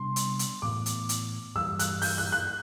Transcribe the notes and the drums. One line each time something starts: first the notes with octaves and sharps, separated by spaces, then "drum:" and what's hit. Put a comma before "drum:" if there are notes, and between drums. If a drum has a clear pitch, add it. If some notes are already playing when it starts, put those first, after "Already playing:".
Already playing: C3 G3 B3 D4 C6
drum: hi-hat
drum: hi-hat
A2 E3 B3 D6
drum: hi-hat
drum: hi-hat
G2 E3 G3 E6
F#6, drum: hi-hat
G6, drum: open hi-hat
F#6
F#6